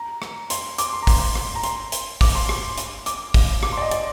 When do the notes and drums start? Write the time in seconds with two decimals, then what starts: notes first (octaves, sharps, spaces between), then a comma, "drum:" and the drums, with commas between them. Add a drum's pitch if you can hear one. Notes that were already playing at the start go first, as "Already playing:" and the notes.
Already playing: A#5
0.22 drum: rim click
0.50 C6, drum: hi-hat
0.78 D6, drum: hi-hat
0.93 C6
1.02 A#5
1.07 C6, drum: kick, open hi-hat
1.35 drum: rim click
1.55 A#5
1.63 C6, drum: hi-hat
1.92 drum: hi-hat
2.21 D6, drum: kick, open hi-hat
2.35 C6
2.49 drum: rim click
2.78 drum: hi-hat
3.06 D6, drum: hi-hat
3.34 drum: kick, open hi-hat
3.63 D6, drum: rim click
3.72 C6
3.77 D5
3.82 D#5
3.91 D5, drum: hi-hat